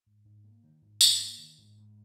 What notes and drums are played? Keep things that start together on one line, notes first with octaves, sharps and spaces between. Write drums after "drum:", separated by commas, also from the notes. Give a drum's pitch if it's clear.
G#2
G#2
A#3
D#3
G#2
G#2, drum: tambourine
A#3
D#3
G#2
G#2